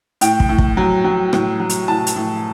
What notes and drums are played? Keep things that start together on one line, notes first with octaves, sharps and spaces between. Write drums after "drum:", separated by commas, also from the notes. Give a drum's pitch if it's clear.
A2 G5, drum: hi-hat
drum: kick
A2
drum: kick
F#3
F#3
A2, drum: rim click
F#3
drum: hi-hat
A2 A5
drum: hi-hat
A2